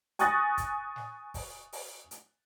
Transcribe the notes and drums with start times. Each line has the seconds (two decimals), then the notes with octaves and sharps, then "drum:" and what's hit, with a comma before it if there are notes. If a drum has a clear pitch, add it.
0.19 G#5 C#6 D#6 F#6 A6 A#6, drum: hi-hat
0.58 drum: kick, hi-hat
0.96 drum: snare
1.34 drum: kick, open hi-hat
1.73 drum: open hi-hat
2.11 drum: hi-hat